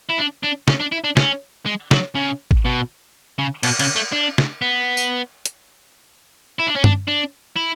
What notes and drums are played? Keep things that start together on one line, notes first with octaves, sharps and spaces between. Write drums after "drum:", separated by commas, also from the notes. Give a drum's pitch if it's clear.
E4
D4
D4
C#4, drum: snare
D4
E4
D4
C#4, drum: snare
G#3
F#3, drum: snare
C#3
drum: kick
B2
C#3
B2, drum: cymbal
C#3, drum: cymbal
A3
D4
drum: snare
B3
drum: tambourine
drum: hi-hat
E4
D4
C#4
D4, drum: tom G2
D4
E4